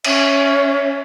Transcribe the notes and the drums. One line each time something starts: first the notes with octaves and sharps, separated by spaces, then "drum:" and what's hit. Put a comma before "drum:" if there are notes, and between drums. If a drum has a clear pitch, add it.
C#4 C#5 E5, drum: cymbal